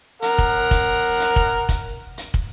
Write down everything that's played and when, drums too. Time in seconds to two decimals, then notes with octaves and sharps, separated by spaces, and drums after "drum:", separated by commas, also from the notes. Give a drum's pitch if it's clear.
0.22 A#4 F#5, drum: hi-hat
0.38 drum: kick
0.71 drum: kick, hi-hat
1.20 drum: hi-hat
1.36 drum: kick
1.69 drum: kick, hi-hat
2.18 drum: hi-hat
2.34 drum: kick